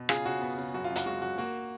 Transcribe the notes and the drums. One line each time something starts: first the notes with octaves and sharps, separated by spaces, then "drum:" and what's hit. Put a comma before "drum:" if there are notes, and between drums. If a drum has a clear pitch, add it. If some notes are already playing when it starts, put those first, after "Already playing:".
Already playing: B2
C#3 F4 G#4, drum: rim click
C#3 F#4
B3
C#3
F#2 F#4
F4
F#2
F#4, drum: hi-hat
G#3 F#4
F#2 F#4
A#3 F#4